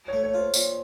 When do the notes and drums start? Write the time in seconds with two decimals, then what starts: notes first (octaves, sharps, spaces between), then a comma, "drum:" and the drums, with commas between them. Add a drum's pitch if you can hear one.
0.08 C#5
0.13 A3
0.23 C#5
0.33 F4
0.38 C5
0.54 A#2 C#5, drum: tambourine